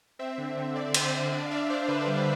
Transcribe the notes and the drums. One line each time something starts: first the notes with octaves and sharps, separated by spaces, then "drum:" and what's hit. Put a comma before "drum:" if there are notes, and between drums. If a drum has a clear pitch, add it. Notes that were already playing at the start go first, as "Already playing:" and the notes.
C4 E5
D3
D3
D3 D5
C4 C5, drum: cymbal
C4 C5
D4 D5
F5
D4 E5
D4 C5
D3 B4
G3